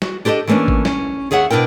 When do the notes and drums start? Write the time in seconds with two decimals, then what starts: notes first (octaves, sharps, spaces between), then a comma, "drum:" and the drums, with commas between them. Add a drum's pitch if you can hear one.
0.02 F#4, drum: snare
0.25 D4 G4 A4 C5 D#5
0.47 E3 A3 A#3 C#4 D4
0.68 drum: kick G#1
0.85 C#4, drum: snare
1.31 D#2 G#4 C#5 E5 F#5
1.50 B2 D4 E4 A#4 G5